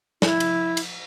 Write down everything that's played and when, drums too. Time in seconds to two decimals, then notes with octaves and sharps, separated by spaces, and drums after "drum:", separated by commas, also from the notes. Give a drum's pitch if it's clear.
0.22 E4, drum: snare
0.40 drum: cymbal
0.77 drum: cymbal